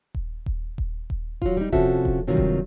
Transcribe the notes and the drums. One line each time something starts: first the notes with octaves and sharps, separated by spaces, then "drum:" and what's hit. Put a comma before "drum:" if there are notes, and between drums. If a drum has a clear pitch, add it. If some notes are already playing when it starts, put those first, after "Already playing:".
drum: kick D#1
drum: kick D#1
drum: kick D#1
drum: kick D#1
F#3 F4, drum: kick D#1
G3 D#4
C3 F3 C#4 F#4 A4 E5, drum: kick D#1
drum: kick D#1
G2 C3 D#3 F#3 G3 F4
drum: kick D#1